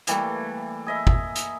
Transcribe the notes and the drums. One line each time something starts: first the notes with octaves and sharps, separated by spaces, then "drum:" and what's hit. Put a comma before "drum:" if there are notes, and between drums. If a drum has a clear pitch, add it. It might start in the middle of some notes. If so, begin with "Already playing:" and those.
E3 G3 A3 A#3, drum: hi-hat
G#4 D#5 E5
drum: kick G1
drum: hi-hat